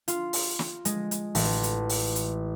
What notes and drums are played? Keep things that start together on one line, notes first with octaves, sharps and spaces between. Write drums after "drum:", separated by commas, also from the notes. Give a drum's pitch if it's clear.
F4, drum: hi-hat
drum: open hi-hat
drum: snare
G#3, drum: hi-hat
drum: hi-hat
A1, drum: open hi-hat
drum: hi-hat
drum: open hi-hat
drum: hi-hat